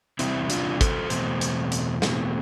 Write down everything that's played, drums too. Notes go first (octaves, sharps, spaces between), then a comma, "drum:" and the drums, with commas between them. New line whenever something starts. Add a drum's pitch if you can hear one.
E2 C3 G3 C4 E4, drum: hi-hat
D4 F4, drum: hi-hat
A4 C5, drum: kick, hi-hat
E2 B2 A3 C4, drum: hi-hat
drum: hi-hat
drum: hi-hat
E2 B2 A3 C4, drum: snare